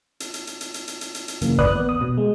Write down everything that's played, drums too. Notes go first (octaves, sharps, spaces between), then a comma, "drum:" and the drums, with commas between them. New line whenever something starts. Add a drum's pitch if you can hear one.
drum: hi-hat
drum: hi-hat
drum: hi-hat
drum: hi-hat
drum: hi-hat
drum: hi-hat
drum: hi-hat
drum: hi-hat
drum: hi-hat
F#2 C#3 E3 A#3, drum: hi-hat
G#1 D2 B4 D5 D#6 F#6
B3
D#6
B2
G#3